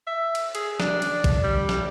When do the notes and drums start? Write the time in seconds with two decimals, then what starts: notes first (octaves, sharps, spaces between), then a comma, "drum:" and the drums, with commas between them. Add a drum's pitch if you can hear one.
0.07 E5
0.35 drum: cymbal
0.55 G#4, drum: cymbal
0.80 D4, drum: snare
1.02 drum: cymbal
1.24 drum: kick, cymbal
1.44 G3
1.69 drum: snare